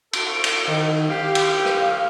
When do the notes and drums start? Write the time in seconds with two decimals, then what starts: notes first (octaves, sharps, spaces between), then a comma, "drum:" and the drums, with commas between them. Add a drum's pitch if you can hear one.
0.13 F#4 A4 D7, drum: cymbal
0.44 drum: cymbal
0.68 D#3
1.09 G4 F5
1.35 drum: cymbal
1.66 drum: rim click